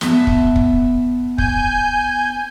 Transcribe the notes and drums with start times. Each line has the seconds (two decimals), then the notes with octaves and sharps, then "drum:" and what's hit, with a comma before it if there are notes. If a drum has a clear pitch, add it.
0.01 B3 E5 A5, drum: snare
0.27 drum: kick
0.56 drum: kick
1.38 G#5 G6, drum: kick